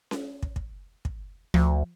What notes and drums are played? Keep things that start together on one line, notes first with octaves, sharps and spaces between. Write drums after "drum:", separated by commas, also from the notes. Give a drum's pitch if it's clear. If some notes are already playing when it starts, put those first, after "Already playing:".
drum: snare C#4
drum: kick
drum: kick
drum: kick
D2 F3, drum: rim click